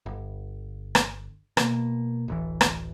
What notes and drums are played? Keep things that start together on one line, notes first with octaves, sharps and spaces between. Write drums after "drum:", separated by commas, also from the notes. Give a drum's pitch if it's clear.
G1
drum: rim click
B2 A#3, drum: rim click
D1 A1 E3
drum: rim click